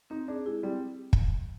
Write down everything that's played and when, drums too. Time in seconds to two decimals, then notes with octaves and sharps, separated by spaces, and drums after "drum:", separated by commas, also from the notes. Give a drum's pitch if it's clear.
0.10 C4 D#4
0.28 D4 G#4
0.46 G#3 E4
0.63 G3 C4
1.13 drum: kick